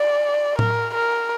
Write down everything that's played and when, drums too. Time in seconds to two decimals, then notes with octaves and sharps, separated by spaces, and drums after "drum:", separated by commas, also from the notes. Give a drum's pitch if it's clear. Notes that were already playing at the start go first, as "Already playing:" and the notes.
Already playing: D5
0.59 A#4, drum: tom A2
0.95 A#4